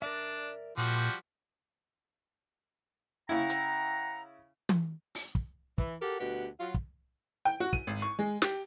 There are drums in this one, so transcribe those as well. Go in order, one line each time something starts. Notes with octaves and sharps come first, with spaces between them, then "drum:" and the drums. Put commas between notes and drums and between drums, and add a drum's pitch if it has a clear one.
D4 A#4 D5 E5
A#2 F3 G3 F#4
C#3 E4 F#5 G5 A#5
drum: hi-hat
drum: tom
drum: open hi-hat
drum: kick
E3, drum: kick
F#4 G4 A4 A#4
D2 B2 G4 B4 F#5
F#3 F4
drum: kick
G5
F#4
D#7, drum: kick
G#1
C#6
G#3
G4, drum: snare